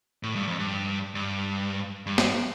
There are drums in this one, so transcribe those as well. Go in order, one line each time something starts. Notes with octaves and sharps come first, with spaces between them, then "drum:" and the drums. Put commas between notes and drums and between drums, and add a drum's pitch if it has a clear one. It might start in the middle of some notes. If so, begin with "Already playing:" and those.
A2
G2
F2
G2
G2
G2
drum: snare